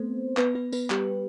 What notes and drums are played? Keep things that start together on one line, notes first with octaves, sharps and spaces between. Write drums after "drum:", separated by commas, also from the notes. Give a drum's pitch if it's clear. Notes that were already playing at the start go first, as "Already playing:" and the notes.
Already playing: A3 B3 C4 C5
B3 B4, drum: clap
B3 B4
B3 B4, drum: tambourine
G3 G4, drum: clap